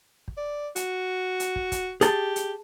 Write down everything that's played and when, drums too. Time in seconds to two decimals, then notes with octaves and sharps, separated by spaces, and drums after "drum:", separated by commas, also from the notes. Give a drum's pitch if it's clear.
0.28 drum: kick
0.37 D5
0.76 F#4, drum: hi-hat
1.40 drum: hi-hat
1.56 drum: kick
1.72 drum: kick, hi-hat
2.01 G4 G#4 A5, drum: hi-hat
2.36 drum: hi-hat